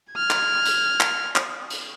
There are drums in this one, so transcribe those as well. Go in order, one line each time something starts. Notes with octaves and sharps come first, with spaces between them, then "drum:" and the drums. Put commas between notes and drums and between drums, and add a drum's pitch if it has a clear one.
F6 G#6
drum: clap
drum: hi-hat
drum: clap
drum: clap
drum: hi-hat